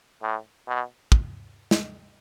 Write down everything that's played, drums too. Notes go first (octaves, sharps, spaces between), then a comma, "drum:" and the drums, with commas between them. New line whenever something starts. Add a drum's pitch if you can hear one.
A2
B2
drum: kick
drum: snare